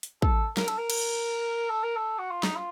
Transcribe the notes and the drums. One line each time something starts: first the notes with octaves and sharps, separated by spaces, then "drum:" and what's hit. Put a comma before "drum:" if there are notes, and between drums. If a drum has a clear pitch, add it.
drum: hi-hat
A4, drum: kick
A#4, drum: snare
A4, drum: cymbal
A#4
drum: cymbal
A4
A#4
A4
F#4
F4
D#4, drum: snare
F4